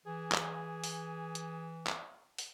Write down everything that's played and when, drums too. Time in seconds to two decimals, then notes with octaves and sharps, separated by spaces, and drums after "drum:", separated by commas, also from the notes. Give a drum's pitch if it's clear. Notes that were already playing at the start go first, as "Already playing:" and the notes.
0.06 E3 G#4
0.32 drum: clap
0.84 drum: open hi-hat
1.35 drum: hi-hat
1.87 drum: clap
2.38 drum: open hi-hat